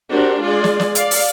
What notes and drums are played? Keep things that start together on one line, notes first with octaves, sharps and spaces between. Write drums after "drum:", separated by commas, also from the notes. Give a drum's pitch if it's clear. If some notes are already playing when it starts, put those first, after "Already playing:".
C4 D4 F#4 G4 A#4
G#3 F4 G#4 D5
drum: snare
drum: snare
D5 F5, drum: hi-hat
drum: open hi-hat